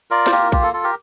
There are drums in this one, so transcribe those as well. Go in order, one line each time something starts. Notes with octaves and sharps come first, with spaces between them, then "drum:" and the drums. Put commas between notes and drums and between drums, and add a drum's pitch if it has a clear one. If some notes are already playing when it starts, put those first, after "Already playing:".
F4 A#4 D5
C5, drum: snare
A#3 G4 A#4
F4 G4, drum: kick A#1
A4
F4 A4
G4 A#4